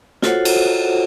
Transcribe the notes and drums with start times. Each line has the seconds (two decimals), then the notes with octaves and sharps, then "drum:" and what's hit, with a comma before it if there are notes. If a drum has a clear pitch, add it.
0.22 F4 F#4 A4 C5 C#5 F#5, drum: snare
0.45 drum: cymbal